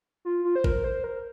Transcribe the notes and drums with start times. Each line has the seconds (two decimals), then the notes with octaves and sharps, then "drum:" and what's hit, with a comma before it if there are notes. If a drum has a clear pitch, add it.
0.25 F4
0.44 F4
0.56 C5
0.64 A#4, drum: kick
0.84 C5
1.04 A#4